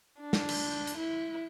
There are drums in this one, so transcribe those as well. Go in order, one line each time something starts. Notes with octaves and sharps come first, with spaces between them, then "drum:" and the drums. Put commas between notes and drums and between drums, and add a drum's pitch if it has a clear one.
D4
drum: snare
drum: cymbal
drum: hi-hat
E4